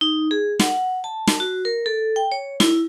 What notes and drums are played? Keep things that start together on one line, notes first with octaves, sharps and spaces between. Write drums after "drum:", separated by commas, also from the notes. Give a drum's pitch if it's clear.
D#4
G#4
F#5, drum: snare
A5
drum: snare
F#4
A#4
A4
G5
C#5
E4, drum: snare